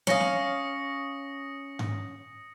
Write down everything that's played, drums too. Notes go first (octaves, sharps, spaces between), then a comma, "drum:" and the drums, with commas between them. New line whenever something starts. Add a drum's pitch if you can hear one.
C#4 F5 D#6 A#6 C#7, drum: snare
drum: snare
drum: tom G#2